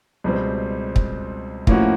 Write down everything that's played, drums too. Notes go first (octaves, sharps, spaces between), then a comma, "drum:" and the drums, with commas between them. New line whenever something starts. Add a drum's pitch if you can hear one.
C#2 B2 G3 C4
drum: kick
A2 F3 A#3 C#4 F#4, drum: kick